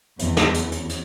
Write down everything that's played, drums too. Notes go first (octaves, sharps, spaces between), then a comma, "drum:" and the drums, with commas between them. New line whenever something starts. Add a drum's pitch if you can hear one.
E2, drum: hi-hat
drum: snare
drum: hi-hat
drum: hi-hat
drum: hi-hat